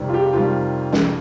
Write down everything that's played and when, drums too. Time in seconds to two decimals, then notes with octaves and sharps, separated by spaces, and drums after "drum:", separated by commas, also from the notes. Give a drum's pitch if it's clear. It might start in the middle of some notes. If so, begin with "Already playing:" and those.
Already playing: F2 C3 D#3 G3
0.09 F4
0.14 G4
0.33 F2 C3 D#3 G3 F4
0.92 drum: snare